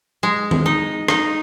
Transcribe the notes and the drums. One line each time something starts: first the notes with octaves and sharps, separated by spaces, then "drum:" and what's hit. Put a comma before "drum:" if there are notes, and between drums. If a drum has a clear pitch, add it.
G#3
drum: tom D#3
D#4
D#4, drum: rim click